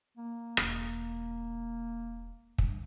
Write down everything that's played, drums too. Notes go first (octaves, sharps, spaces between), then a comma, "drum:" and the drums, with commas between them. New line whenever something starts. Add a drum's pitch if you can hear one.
A#3
E1 G#3, drum: rim click
G2, drum: kick